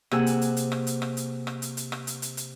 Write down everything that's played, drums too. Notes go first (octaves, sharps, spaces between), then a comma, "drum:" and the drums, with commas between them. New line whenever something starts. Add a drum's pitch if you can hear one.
C3 A#3 G4 G#4 F#5 E6, drum: rim click
drum: hi-hat
drum: hi-hat
drum: hi-hat
drum: rim click
drum: hi-hat
drum: rim click
drum: hi-hat
drum: rim click
drum: hi-hat
drum: hi-hat
drum: rim click
drum: hi-hat
drum: hi-hat
drum: hi-hat